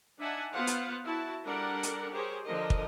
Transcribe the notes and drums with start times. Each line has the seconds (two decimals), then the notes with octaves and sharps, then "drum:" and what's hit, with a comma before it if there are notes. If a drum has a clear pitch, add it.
0.18 D4 D#4 E5 F#5 G#5 A5
0.53 B3 F4 C5 F5 F#5
0.67 drum: hi-hat
1.05 E4 F#4 A5
1.45 G3 D4 A4 A#4 D5 F#5
1.83 drum: hi-hat
2.12 G4 G#4 A#4 C5 C#5
2.44 D3 F3 A#4 D#5
2.70 drum: kick